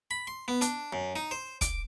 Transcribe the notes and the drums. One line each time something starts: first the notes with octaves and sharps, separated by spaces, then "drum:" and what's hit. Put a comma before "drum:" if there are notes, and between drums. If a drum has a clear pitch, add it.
B5
C6
B3
D4, drum: hi-hat
F#2
D#4
C5
D6, drum: kick, hi-hat